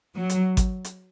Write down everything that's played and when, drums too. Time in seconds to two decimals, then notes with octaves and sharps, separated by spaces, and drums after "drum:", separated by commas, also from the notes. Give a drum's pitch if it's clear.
0.15 F#3
0.30 drum: hi-hat
0.57 drum: kick G#1, hi-hat
0.85 drum: hi-hat